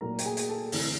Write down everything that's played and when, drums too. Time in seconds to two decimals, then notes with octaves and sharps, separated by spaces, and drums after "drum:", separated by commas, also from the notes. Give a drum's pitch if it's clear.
0.01 A#2 F#3 A3 A#4 A#5
0.19 G5, drum: hi-hat
0.25 G#4 G#5
0.37 drum: hi-hat
0.49 A4 A5
0.72 D2 C3 E3, drum: open hi-hat